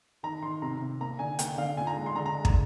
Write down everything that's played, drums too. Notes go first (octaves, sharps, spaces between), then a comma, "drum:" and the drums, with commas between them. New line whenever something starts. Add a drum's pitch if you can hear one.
D#3 A#5
D#3 C6
C3 A#5
C3
A#3 A#5
D3 G#5
A#3 G5, drum: hi-hat
D3 F5
A#2 G#5
A#5
G#3
C6
D3 A#5
A#5
G#3
A#5, drum: kick